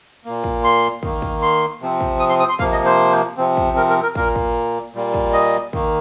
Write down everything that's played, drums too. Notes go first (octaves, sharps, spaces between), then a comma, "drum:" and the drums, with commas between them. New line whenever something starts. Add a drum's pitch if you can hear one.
A#2 A#3
drum: kick
C6
D#3 A#3, drum: kick
drum: kick
C6
C3 F3 C4
drum: kick
D#6
C6
D#6
C6
C3 F3 A#3 F5, drum: kick
D#5
C5
C3 F3 C4
drum: kick
A#4
A#4
A#4
A#2 A#3 A#4, drum: kick
drum: kick
A#2 G3 A#3
drum: kick
D#5
D#3 A#3, drum: kick